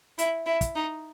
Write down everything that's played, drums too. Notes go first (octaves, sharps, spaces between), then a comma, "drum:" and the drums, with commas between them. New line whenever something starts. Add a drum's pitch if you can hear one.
E4, drum: hi-hat
E4
drum: kick, hi-hat
D#4